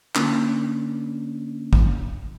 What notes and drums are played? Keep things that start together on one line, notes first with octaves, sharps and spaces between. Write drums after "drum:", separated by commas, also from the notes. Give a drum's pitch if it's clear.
D3 A#3 C#4 D4, drum: clap
drum: kick